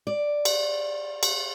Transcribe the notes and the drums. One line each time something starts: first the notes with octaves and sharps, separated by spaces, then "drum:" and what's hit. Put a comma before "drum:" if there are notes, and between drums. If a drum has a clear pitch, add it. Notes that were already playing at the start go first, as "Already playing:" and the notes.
D5
drum: cymbal
drum: cymbal